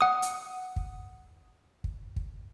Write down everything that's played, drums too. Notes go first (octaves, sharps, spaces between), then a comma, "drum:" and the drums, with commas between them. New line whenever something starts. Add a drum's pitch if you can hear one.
F#5 D#6
drum: hi-hat
drum: kick
drum: kick
drum: kick